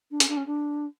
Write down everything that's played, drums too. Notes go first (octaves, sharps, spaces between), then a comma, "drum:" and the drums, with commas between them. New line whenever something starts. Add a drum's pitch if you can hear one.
D4
C#4, drum: hi-hat
D4
C#4
D4